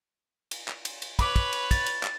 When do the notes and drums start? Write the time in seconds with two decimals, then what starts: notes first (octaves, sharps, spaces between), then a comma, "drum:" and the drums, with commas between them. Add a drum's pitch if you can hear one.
0.51 drum: cymbal
0.68 drum: clap
0.85 drum: cymbal
1.02 drum: cymbal
1.19 B4 C#5 B5 D6, drum: kick, cymbal
1.36 drum: kick, cymbal
1.53 drum: cymbal
1.71 A6, drum: kick, cymbal
1.86 drum: cymbal
2.03 drum: clap